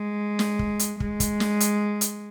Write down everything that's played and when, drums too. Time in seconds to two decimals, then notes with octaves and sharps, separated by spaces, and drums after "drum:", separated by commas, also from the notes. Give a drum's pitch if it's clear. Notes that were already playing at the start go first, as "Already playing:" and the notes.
Already playing: G#3
0.39 drum: snare
0.59 drum: kick
0.79 drum: hi-hat
1.00 G#3, drum: kick
1.20 drum: kick, hi-hat
1.40 drum: snare
1.60 drum: hi-hat
2.01 drum: hi-hat